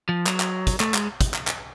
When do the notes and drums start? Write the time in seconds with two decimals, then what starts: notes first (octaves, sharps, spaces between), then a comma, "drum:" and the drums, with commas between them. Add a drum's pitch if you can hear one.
0.09 F3
0.26 F#3, drum: clap
0.40 drum: clap
0.67 drum: kick, hi-hat
0.80 A3, drum: clap
0.94 G#3, drum: clap
1.21 drum: kick, hi-hat
1.34 drum: clap
1.47 drum: clap